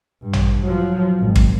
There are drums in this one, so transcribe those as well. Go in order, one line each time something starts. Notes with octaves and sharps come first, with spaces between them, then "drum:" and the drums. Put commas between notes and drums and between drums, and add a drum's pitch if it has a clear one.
G2
drum: tom A1
F3 F#3
G#1
drum: kick